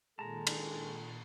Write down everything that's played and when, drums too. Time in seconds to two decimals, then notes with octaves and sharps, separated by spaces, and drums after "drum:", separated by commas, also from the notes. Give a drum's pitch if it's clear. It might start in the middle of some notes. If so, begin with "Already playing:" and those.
0.19 A#2 D#3 G#3 A4 A5 A#5
0.47 drum: cymbal